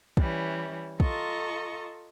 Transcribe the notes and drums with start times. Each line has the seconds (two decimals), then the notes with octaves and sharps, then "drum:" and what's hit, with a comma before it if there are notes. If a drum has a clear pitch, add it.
0.17 E3 G3 C#4, drum: kick
1.00 F4 A4 D#5 A#5 C#6, drum: kick